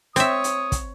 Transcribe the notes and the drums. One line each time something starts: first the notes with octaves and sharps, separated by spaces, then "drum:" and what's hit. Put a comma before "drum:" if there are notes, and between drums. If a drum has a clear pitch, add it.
C4 C#5 E5 D#6, drum: hi-hat
drum: hi-hat
drum: kick, hi-hat